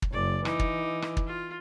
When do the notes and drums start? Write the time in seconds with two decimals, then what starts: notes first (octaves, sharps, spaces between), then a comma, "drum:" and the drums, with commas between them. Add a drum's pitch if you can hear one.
0.02 drum: kick
0.12 F#1 D5
0.45 E3 D#4 D6, drum: rim click
0.59 drum: kick
1.02 drum: rim click
1.17 drum: kick
1.27 F4